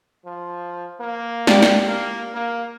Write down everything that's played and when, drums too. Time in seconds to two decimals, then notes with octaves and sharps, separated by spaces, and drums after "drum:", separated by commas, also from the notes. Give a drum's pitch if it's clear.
0.26 F3
1.00 A#3
1.47 D4 G4, drum: snare
1.62 drum: snare
1.88 A#3
2.34 A#3